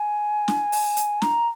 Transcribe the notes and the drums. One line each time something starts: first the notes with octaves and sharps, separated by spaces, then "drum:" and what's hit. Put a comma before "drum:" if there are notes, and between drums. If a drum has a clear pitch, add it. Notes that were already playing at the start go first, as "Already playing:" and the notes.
Already playing: G#5
drum: snare
drum: open hi-hat
drum: hi-hat
A#5, drum: snare